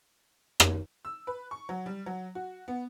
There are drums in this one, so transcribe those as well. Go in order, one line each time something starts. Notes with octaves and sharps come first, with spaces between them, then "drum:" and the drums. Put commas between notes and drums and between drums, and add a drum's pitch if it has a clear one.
drum: rim click
E6
B4
C#6
F#3
G3
F#3
F#4
B3